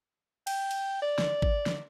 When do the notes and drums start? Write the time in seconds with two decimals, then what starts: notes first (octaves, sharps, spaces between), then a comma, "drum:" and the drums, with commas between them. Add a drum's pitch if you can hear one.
0.47 G5, drum: cymbal
0.71 drum: cymbal
1.02 D5
1.18 drum: snare
1.42 drum: kick G#1
1.66 drum: snare